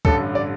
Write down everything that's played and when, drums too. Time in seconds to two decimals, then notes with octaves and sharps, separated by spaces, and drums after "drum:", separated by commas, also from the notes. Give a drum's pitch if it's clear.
0.05 A1 G2 D3 A4, drum: kick C#2
0.35 D5